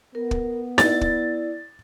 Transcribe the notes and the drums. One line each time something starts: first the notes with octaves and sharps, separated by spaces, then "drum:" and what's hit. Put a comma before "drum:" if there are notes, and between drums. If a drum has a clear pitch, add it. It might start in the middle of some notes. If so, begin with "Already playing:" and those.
B3 A#4
drum: kick
E4 D5 A6, drum: snare D#4
drum: kick